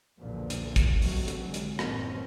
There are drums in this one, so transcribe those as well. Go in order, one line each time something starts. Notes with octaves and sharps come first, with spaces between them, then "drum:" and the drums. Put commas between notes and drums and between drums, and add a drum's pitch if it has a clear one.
B1 E2 A#2 D3 F3
drum: hi-hat
drum: kick, hi-hat
C3 D#3 F#3 A3, drum: open hi-hat
drum: hi-hat
D3 G#3
drum: hi-hat
F#1 A2 D#3 E3 C4 C#4, drum: rim click